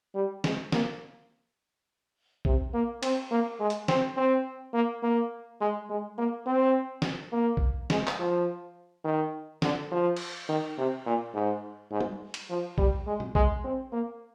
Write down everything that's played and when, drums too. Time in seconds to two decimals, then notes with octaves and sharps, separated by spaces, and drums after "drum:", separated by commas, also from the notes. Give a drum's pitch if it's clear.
0.15 G3
0.44 G#3, drum: snare
0.72 A#3, drum: snare
2.45 C3, drum: kick A#1
2.74 A#3
3.03 C4, drum: cymbal
3.31 A#3
3.60 G#3
3.70 drum: hi-hat
3.88 C4, drum: snare
4.17 C4
4.74 A#3
5.03 A#3
5.61 G#3
5.90 G#3
6.18 A#3
6.46 C4
7.02 drum: snare
7.32 A#3
7.57 drum: kick A#1
7.90 G#3, drum: snare
8.07 drum: clap
8.19 F3
9.04 D#3
9.62 D3, drum: snare
9.91 F3
10.16 drum: cymbal
10.49 D#3
10.78 C3
11.06 A#2
11.34 G#2
11.91 G#2
12.01 drum: tom G3
12.34 drum: cymbal
12.49 F3
12.78 G3, drum: kick A#1
13.07 G#3
13.20 drum: tom
13.35 G#3, drum: kick A#1
13.64 C4
13.92 A#3